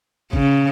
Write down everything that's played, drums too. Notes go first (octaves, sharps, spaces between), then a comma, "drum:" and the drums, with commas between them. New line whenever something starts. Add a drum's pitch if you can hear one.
C#3, drum: kick